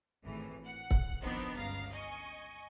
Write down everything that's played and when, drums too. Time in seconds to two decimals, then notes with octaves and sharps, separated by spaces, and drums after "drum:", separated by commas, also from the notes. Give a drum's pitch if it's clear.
0.24 G#1 A2 E3
0.65 F#5
0.91 drum: kick
1.22 D#3 F3 B3 C4 D4 D#4
1.54 G1 C#2 F5 A#5 C7
1.91 D#5 G#5 C#6